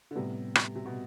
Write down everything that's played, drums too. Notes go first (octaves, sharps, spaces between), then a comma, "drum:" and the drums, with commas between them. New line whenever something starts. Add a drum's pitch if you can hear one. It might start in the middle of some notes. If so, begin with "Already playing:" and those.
D3
A2 C3 G3 B3
drum: rim click
C3
B2